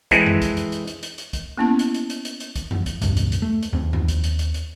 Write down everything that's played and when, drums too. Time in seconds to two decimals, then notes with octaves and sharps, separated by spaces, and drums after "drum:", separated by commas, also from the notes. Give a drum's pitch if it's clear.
0.11 E3 G#3 C4 E4 A4 B4, drum: kick, hi-hat
0.26 drum: tom F2
0.42 drum: kick, hi-hat
0.57 drum: hi-hat
0.72 drum: hi-hat
0.87 drum: hi-hat
1.03 drum: hi-hat
1.18 drum: hi-hat
1.33 drum: kick, hi-hat
1.58 A#3 B3 C#4 E4 A5
1.79 drum: hi-hat
1.94 drum: hi-hat
2.10 drum: hi-hat
2.25 drum: hi-hat
2.40 drum: hi-hat
2.56 drum: kick, hi-hat
2.71 drum: tom F2
2.86 drum: kick, hi-hat
3.02 E1 C#2 G2, drum: hi-hat
3.17 drum: hi-hat
3.32 drum: hi-hat
3.42 A3
3.63 drum: hi-hat
3.73 D#2 C4
3.93 drum: tom F2
4.08 drum: kick, hi-hat
4.24 drum: hi-hat
4.39 drum: hi-hat
4.54 drum: hi-hat